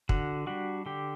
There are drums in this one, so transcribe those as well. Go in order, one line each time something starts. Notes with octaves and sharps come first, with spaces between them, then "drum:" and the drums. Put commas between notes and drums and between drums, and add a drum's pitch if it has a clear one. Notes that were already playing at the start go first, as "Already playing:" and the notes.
D3 F#4, drum: kick
G3 D4 F#4
D3 G4